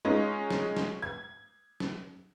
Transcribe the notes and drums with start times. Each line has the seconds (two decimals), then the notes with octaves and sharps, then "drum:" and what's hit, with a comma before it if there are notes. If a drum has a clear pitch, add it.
0.05 G#3 C#4 D#4 F4
0.51 drum: snare
0.76 drum: snare
1.02 G#6
1.80 drum: snare